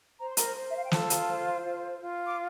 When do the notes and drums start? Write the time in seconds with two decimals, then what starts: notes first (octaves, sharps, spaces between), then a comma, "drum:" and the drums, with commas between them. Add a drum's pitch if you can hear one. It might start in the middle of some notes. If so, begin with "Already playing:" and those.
0.20 C5 A#5
0.28 C6
0.37 A#4 A#5, drum: hi-hat
0.55 C5
0.70 E5
0.77 F5
0.84 G5
0.91 F4 A4 A5, drum: snare
1.10 drum: hi-hat
1.28 C5
1.65 F4
2.01 F4
2.26 D6